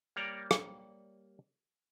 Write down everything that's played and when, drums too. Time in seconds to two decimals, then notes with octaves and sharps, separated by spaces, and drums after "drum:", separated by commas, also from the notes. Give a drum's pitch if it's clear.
0.16 G3 A#3 C#5 D5 G5 A#5
0.51 drum: rim click